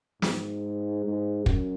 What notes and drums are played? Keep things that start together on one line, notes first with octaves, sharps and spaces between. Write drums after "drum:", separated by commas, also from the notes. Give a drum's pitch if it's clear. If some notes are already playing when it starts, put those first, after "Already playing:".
G#2, drum: snare
G#2
F#2, drum: kick